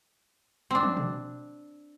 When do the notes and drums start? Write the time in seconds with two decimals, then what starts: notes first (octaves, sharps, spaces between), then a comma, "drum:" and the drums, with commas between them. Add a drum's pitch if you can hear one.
0.71 C4 D4
0.83 drum: tom
0.97 drum: tom B2